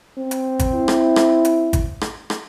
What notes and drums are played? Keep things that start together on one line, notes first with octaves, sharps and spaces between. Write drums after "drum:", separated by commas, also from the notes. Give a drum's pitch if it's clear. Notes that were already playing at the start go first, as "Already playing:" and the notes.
C4
drum: hi-hat
drum: kick G#1, hi-hat
E4
drum: rim click
drum: rim click
drum: hi-hat
drum: kick G#1, hi-hat
drum: rim click
drum: rim click